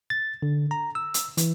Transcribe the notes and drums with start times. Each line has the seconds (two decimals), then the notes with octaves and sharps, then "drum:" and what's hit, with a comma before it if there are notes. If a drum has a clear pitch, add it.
0.10 A6
0.42 D3
0.71 A#5
0.95 E6
1.14 drum: hi-hat
1.37 E3, drum: hi-hat